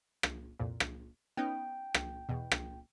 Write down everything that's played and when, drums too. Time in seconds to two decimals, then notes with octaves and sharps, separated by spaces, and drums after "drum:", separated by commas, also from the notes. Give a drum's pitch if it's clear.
0.23 drum: rim click
0.59 C2 F2 A#2
0.80 drum: rim click
1.37 B3 C#4 D#4 G5
1.94 drum: rim click
2.29 E2 B2
2.52 drum: rim click